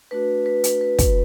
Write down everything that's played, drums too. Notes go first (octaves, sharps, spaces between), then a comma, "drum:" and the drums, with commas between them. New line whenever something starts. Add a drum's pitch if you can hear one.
A3 D4 F#4 B4
B4
drum: hi-hat
B4
drum: kick, hi-hat